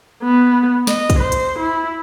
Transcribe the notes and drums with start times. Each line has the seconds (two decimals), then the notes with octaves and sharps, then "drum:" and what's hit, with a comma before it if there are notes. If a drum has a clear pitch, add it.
0.23 B3
0.87 D#5, drum: snare
1.10 drum: kick, hi-hat
1.19 C5
1.32 drum: hi-hat
1.59 E4